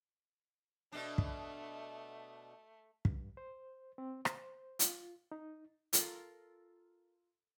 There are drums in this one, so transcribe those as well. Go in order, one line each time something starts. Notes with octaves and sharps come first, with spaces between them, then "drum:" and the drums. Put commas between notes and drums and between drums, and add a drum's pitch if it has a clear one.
B2 A3 D4
drum: kick
G2, drum: kick
C5
C4
C5, drum: rim click
F4, drum: hi-hat
D#4
F4 A4 A#4 A#5, drum: hi-hat